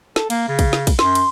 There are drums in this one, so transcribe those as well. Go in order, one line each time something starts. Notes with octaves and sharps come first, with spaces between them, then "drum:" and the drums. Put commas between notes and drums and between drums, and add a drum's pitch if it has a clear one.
A4, drum: snare
A#3, drum: cymbal
C#3
drum: kick, cymbal
drum: snare
drum: kick, cymbal
F#2 C6, drum: snare
drum: cymbal